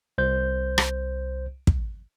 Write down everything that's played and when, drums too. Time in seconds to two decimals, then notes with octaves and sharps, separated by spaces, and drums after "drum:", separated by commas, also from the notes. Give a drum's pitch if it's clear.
0.18 C2 C5 G6
0.78 drum: rim click
1.67 drum: kick